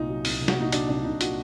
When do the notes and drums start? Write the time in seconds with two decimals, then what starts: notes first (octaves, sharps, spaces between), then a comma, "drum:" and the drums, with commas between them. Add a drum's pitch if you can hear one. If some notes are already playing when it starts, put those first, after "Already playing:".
Already playing: C2 A#2 D#4
0.09 F#3
0.25 C2, drum: open hi-hat
0.41 C2
0.48 F#4, drum: snare
0.56 A#2 D#4
0.72 F#3 D4, drum: hi-hat
0.89 C2 D4
1.04 C2 D#4
1.21 A#2 F#4, drum: hi-hat